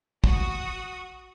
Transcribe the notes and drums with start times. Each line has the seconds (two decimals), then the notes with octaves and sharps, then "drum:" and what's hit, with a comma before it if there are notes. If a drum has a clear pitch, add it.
0.24 F#4 D#6, drum: kick